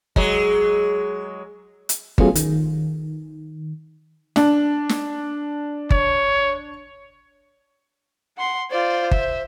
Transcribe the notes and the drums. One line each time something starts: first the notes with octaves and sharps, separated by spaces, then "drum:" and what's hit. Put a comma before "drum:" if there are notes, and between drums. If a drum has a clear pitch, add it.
F#3 G#3, drum: kick G1
drum: hi-hat
F#3 A3 B3 C#4 F4 G#4, drum: kick G1
D#3, drum: hi-hat
D4, drum: snare
drum: snare
C#5, drum: kick G1
F#5 C6
F4 C5 D5
E5, drum: kick G1